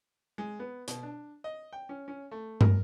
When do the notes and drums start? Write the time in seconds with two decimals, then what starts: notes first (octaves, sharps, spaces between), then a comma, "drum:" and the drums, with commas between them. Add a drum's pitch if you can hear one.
0.38 G#3
0.60 B3
0.88 B2, drum: hi-hat
1.03 D4
1.44 D#5
1.73 G5
1.89 C#4
2.08 C#4
2.32 A3
2.61 A#4, drum: tom